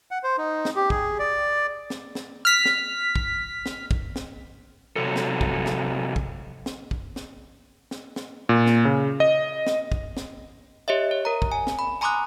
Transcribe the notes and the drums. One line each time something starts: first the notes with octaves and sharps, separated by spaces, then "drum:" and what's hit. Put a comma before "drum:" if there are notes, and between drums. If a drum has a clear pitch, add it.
F#5
C5
D#4
drum: snare
G4
G#4, drum: kick
D5
drum: snare
drum: snare
F6 B6
drum: snare
drum: kick
drum: snare
drum: kick
drum: snare
C3 F#3 A4
drum: snare
drum: kick
drum: snare
drum: kick
drum: snare
drum: kick
drum: snare
drum: snare
drum: snare
A#2
drum: snare
C#3
D#5
drum: snare
drum: kick
drum: snare
G4 C#5 D#5 E5
C#5
A#4 A#5
drum: kick
G#5
drum: snare
B5
G#5 A#5 C6 D6 D#6 F#6